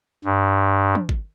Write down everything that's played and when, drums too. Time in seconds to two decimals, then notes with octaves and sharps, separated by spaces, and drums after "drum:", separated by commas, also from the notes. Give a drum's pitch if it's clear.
0.25 G2
0.95 drum: tom
1.09 drum: kick